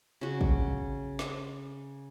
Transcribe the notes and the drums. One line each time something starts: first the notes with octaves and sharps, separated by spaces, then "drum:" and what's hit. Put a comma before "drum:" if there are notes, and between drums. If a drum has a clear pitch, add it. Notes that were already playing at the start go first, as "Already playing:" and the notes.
C#3 F#4
drum: kick
drum: snare